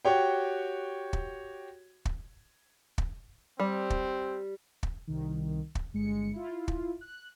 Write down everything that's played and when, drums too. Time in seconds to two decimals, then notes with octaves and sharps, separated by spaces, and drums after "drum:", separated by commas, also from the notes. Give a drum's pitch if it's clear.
0.05 F#4 G4 C#5 G5
1.13 drum: kick
2.05 drum: kick
2.98 drum: kick
3.60 G3 C4
3.90 drum: kick
4.83 drum: kick
5.07 C2 D#3
5.75 drum: kick
5.93 G1 G#3 C#7
6.33 E4 F4
6.68 drum: kick
7.01 F#6